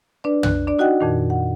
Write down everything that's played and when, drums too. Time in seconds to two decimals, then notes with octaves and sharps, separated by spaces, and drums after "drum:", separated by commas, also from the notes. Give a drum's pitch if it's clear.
0.24 D4 B4 D5
0.43 F#6, drum: tom
0.67 D4 D5
0.79 D#4 F#4 D#5 F#5 G5 F#6
1.01 F2 A#2 D#3
1.30 F#5